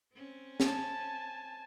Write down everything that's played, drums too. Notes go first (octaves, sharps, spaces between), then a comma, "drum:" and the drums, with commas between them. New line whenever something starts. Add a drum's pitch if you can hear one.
C4 C#4
G#5 A5, drum: snare